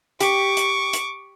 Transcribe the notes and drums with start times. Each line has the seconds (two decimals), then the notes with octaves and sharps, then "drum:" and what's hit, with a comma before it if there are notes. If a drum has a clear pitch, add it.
0.20 G4 C#6 D6, drum: hi-hat
0.57 drum: hi-hat
0.93 drum: hi-hat